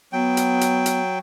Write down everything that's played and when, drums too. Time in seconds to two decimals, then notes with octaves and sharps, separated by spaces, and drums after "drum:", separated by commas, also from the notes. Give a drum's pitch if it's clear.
0.13 F#3 B3 G5
0.37 drum: hi-hat
0.61 drum: hi-hat
0.86 drum: hi-hat